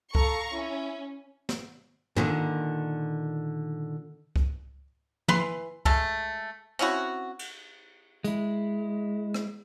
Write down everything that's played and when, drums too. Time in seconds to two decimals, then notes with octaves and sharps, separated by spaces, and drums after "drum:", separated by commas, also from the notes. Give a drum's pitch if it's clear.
0.15 A4 F5 A#5 C#6, drum: kick C#2
0.53 C#4 E4
1.49 drum: snare
2.16 A#2 D3 D#3, drum: tom
4.36 drum: kick C#2
5.28 E3 B4 C6, drum: tom
5.85 G#3 A3 A4, drum: kick C#2
6.79 C4 C#4 E4 F#4
7.39 drum: cymbal
8.24 G#3 E4, drum: hi-hat
9.34 drum: rim click